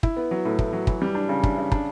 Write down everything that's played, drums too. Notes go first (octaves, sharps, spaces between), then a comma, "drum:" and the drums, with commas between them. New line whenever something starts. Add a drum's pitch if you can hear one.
E4, drum: kick
B3
F#3
A2
A2, drum: kick
F#3
E3, drum: kick
G3
D4
C#3
D4, drum: kick
C#3
D4, drum: kick